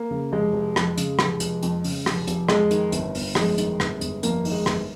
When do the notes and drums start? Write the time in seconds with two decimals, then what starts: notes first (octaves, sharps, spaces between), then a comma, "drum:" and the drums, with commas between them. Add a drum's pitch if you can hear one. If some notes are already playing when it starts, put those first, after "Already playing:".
Already playing: A#3
0.11 C#3
0.32 F1 G#3
0.53 F1
0.76 F2, drum: rim click
0.97 C#3, drum: hi-hat
1.19 F1, drum: rim click
1.40 F1, drum: hi-hat
1.62 F2, drum: hi-hat
1.84 C#3, drum: open hi-hat
2.06 F1, drum: rim click
2.28 F1, drum: hi-hat
2.49 F2 G#3, drum: rim click
2.71 D#3, drum: hi-hat
2.92 G1, drum: hi-hat
3.15 G1, drum: open hi-hat
3.35 F2 G#3, drum: rim click
3.58 D#3, drum: hi-hat
3.80 G1, drum: rim click
4.01 G1, drum: hi-hat
4.23 F2 A#3, drum: hi-hat
4.45 D#3, drum: open hi-hat
4.51 G#3
4.66 G1, drum: rim click